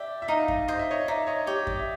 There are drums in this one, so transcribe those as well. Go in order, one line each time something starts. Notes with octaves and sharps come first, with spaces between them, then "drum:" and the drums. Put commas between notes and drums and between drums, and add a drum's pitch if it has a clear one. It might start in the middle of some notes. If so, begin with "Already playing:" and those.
Already playing: G4 D5 E5
E5
D#4 D#5 F5
drum: kick F#2
C5 D#5
E5
C#5 D#5
D#4 D5 E5
C#5 D#5
G4 C#5
D5, drum: kick F#2
E5